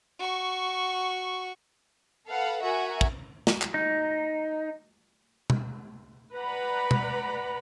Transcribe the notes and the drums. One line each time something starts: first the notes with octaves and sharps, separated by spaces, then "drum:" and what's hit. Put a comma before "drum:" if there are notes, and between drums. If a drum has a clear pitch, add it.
F#4 C#6
A4 B4 F5 F#5
F#4 A#4 E5 F#5 G#5
drum: kick
drum: snare
drum: clap
D#4
drum: tom B2
B4 D5 F#5 A#5 B5
drum: tom B2